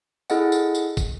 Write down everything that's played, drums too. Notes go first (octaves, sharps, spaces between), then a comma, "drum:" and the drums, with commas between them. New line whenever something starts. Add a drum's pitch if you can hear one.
E4 G#4 A4 D#5 F#5, drum: tambourine
drum: tambourine
drum: tambourine
drum: kick, tambourine